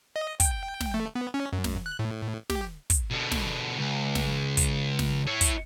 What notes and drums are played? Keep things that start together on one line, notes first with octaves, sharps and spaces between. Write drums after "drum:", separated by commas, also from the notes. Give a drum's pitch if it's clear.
D#5
G5, drum: kick, hi-hat
drum: snare
A3
B3
C#4
F#2
drum: snare
F#6
A2
G4, drum: snare
drum: kick, hi-hat
B2 D3
drum: snare
C#2
drum: snare
drum: kick, hi-hat
drum: snare
E4 C#5
drum: kick, hi-hat